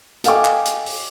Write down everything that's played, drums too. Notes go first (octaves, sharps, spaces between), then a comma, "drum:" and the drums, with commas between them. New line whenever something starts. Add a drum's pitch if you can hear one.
A4 D#5 F5 G5 G#5 D6, drum: hi-hat
drum: clap
drum: hi-hat
drum: open hi-hat